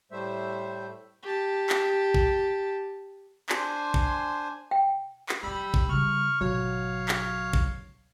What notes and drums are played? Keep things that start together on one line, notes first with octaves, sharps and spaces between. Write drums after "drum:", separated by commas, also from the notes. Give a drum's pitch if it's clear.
A2 G3 A3 C5 E5
G4 A5
drum: clap
drum: kick
D4 C5 G#5 C6, drum: clap
drum: kick
G5
drum: clap
E3 F#3 G3 B5 E6
drum: kick
C#3 G3 C#6 F6
G#1 B2 F#3 C#5 F5
drum: clap
drum: kick